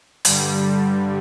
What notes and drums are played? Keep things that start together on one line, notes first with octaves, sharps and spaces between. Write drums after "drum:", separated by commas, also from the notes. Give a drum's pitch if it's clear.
G2 D3 G3, drum: hi-hat